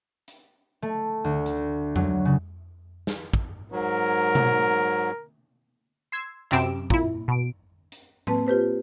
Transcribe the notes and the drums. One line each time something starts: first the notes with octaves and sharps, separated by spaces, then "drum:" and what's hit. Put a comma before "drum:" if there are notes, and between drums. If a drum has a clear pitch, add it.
drum: hi-hat
A3
D2
drum: hi-hat
F#3, drum: tom F2
C#3
drum: snare
drum: kick
G#2 F#3 A#4
drum: tom B2
C6 E6 G#6
F#2 C3 C4 D6 E7, drum: clap
A#2 E4, drum: kick
B2 D7
drum: hi-hat
A#3 C4 B4 A5, drum: tom
F4 G4 B4 C5